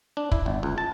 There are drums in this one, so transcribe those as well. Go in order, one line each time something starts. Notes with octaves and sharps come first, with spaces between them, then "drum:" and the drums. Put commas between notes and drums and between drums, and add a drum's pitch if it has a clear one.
D4
E4, drum: kick
G1
C#2
A5